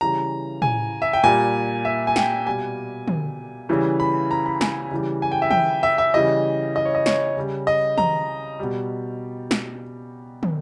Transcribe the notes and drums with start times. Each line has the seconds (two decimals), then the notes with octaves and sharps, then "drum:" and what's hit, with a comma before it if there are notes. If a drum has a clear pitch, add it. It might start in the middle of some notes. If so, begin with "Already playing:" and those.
0.01 C#3 E3 G3 A#5
0.62 G#5, drum: tom
1.02 E5
1.13 G5
1.23 A#2 G3 G#5
1.85 E5
2.07 G#5
2.16 G5, drum: snare
2.46 B2 G3 G#5
3.08 drum: tom
3.69 C#3 E3 G3
4.00 B5
4.31 A#5
4.46 B5
4.61 G#5, drum: snare
4.91 C#3 E3 G3
5.22 G#5
5.32 G5
5.42 E5
5.51 G5, drum: tom
5.83 E5
5.98 E5
6.14 C#3 E3 G3 D#5
6.76 D#5
6.85 C#5
6.95 D#5
7.06 C#5, drum: snare
7.37 C#3 G3
7.67 D#5
7.98 A#5, drum: tom
8.59 B2 G3
9.51 drum: snare
10.43 drum: tom